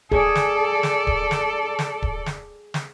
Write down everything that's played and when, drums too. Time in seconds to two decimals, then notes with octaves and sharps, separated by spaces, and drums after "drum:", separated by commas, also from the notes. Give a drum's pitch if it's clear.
0.12 G#4 A4 D5, drum: kick D1
0.35 drum: snare
0.83 drum: snare
1.07 drum: kick D1
1.31 drum: snare
1.79 drum: snare
2.02 drum: kick D1
2.26 drum: snare
2.74 drum: snare